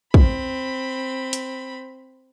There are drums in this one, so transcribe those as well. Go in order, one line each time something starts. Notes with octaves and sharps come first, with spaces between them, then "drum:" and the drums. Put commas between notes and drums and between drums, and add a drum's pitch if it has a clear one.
C4 B5, drum: kick
drum: hi-hat